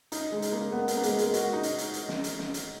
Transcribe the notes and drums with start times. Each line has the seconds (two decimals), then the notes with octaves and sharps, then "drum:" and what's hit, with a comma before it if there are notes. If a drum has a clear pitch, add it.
0.12 D#4, drum: hi-hat
0.32 G#3
0.42 drum: hi-hat
0.52 A#3
0.72 B3
0.88 B3, drum: hi-hat
0.97 A#3
1.03 G#3, drum: hi-hat
1.19 G#3, drum: hi-hat
1.34 F#4, drum: hi-hat
1.53 D#4
1.63 drum: hi-hat
1.78 drum: hi-hat
1.94 drum: hi-hat
2.09 drum: snare
2.24 drum: hi-hat
2.39 drum: snare
2.54 drum: hi-hat